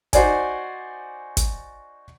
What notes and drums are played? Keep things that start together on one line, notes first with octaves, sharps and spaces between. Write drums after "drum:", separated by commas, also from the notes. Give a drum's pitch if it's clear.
D#4 F#4 C5 D5 G#5, drum: kick, hi-hat
drum: kick, hi-hat